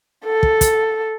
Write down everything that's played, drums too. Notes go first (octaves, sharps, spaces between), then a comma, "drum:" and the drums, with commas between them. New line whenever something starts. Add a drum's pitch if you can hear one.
A4
drum: kick
drum: kick, hi-hat